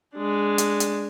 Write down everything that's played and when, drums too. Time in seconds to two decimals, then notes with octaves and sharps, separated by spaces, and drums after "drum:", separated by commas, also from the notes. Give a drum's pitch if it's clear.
0.14 G#3 D4
0.58 drum: hi-hat
0.80 drum: hi-hat